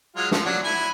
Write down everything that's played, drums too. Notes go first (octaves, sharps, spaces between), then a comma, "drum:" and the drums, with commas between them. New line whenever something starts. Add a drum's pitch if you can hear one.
F#3 G#3 F4
F3 A3, drum: snare
F#3 D4
E4 G#5